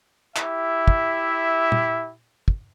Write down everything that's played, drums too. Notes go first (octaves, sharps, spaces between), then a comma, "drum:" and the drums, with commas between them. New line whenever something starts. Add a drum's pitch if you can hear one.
E4 G4 E5, drum: clap
drum: kick
drum: tom A#2
drum: kick